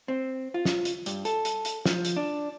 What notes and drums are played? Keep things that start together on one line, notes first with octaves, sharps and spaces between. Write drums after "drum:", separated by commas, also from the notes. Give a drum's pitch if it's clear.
C4
F4
drum: snare
drum: hi-hat
G2, drum: hi-hat
A4, drum: hi-hat
drum: hi-hat
drum: hi-hat
F3, drum: snare
drum: hi-hat
D4